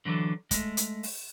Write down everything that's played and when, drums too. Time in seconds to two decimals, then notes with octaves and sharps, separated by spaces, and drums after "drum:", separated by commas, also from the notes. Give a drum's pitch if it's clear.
0.05 D3 E3 F#3 D4 A4
0.51 G#3 A3, drum: kick, hi-hat
0.77 drum: hi-hat
1.03 drum: open hi-hat